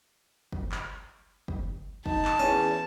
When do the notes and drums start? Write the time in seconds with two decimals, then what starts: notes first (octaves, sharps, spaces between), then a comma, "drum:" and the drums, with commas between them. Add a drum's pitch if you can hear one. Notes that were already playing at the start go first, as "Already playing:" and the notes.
0.52 drum: kick F#1
0.72 drum: clap
1.48 drum: kick F#1
2.06 D#4 A5, drum: kick F#1
2.25 drum: clap
2.39 E2 C#4